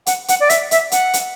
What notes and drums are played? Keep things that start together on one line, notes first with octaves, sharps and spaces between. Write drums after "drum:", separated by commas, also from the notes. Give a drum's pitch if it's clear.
F#5, drum: hi-hat
F#5, drum: hi-hat
D5
E5, drum: hi-hat
E5, drum: hi-hat
F#5, drum: hi-hat
drum: hi-hat